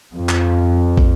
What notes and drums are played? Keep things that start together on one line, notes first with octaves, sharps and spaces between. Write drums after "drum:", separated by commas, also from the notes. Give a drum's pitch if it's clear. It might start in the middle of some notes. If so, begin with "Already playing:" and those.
F2
drum: clap
drum: kick